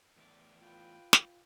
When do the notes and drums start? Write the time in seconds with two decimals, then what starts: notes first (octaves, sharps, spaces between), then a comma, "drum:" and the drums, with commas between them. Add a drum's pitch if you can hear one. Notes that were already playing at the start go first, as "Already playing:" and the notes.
0.17 E2 A2 D5
0.60 F4 B4 G5
1.13 drum: snare